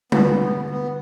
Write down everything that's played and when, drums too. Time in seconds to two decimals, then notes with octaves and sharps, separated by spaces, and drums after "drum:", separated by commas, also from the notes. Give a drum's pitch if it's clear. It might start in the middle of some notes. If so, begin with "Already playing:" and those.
0.12 D3 B3, drum: tom G3
0.70 B3